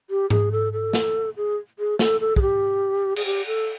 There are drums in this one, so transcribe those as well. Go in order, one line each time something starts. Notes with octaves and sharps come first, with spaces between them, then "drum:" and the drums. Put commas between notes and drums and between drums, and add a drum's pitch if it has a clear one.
G4
G#4, drum: tom G#2
A4
A4
drum: snare
G#4
G#4
A4, drum: snare
A4
G#4, drum: kick
G4
G#4, drum: cymbal
G4
A4